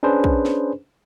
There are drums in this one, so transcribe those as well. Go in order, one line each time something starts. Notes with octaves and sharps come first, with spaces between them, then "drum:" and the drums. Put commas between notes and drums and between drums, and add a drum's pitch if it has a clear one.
C#4 D4 G#4 B4 C5
drum: kick
drum: snare